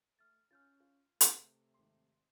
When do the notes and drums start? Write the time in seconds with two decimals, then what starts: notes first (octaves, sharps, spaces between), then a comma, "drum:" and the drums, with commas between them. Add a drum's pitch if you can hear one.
0.19 A3 F6 A6
0.51 C#4 F4 F6 G6 A6
0.80 F4
1.21 C3 A3 B4, drum: hi-hat
1.74 G#1 C6